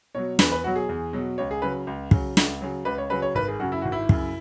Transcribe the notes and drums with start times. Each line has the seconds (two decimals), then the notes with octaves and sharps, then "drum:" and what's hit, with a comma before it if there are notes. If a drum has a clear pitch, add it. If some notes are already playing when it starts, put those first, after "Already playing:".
0.15 B2 F#3 C#5
0.39 E2 B4, drum: snare
0.52 B4
0.63 B2 F#3 F#4
0.76 G#4
0.89 E2
1.13 B2 F#3
1.38 C#2 C#5
1.51 G#4
1.62 C#3 F#3 B4
1.87 C#2
2.11 C#3 F#3, drum: kick
2.37 C#2, drum: snare
2.61 C#3 F#3
2.85 C#2 B4
2.98 C#5
3.10 C#3 F#3 B4
3.22 C#5
3.35 G#1 B4
3.48 G#4
3.59 F#2 C#3 F#4
3.72 E4
3.82 G#1 F#4
3.92 E4
4.09 F#2 C#3, drum: kick